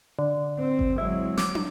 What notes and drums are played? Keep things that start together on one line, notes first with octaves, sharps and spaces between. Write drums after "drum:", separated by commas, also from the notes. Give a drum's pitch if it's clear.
D3
C4
drum: kick G#1
F#3 G#3 E4
D6, drum: snare
drum: tom